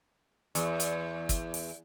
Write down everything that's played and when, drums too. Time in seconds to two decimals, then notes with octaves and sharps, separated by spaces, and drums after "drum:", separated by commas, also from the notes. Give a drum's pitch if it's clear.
0.55 E2, drum: hi-hat
0.80 drum: hi-hat
1.29 drum: kick, hi-hat
1.54 drum: open hi-hat